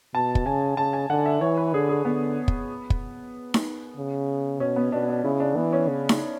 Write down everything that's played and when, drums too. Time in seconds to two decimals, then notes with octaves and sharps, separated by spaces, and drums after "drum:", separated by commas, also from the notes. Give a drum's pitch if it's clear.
0.14 B2 A5
0.35 drum: kick
0.46 C#3 G#5
0.77 C#3 A5
0.93 G#5
1.10 D3 F#5
1.26 E5
1.41 E3 C#5
1.57 B4
1.74 D3 G#4
1.89 G#4
2.05 D3 B3
2.48 drum: kick
2.90 drum: kick
3.54 drum: snare D#4
3.97 C#3
4.60 B2 C#4
4.76 B3
4.92 B2 D4
5.08 D4
5.24 C#3 E4
5.40 D4
5.55 E3 B3
5.73 C#4
5.88 C#3
6.09 drum: snare D#4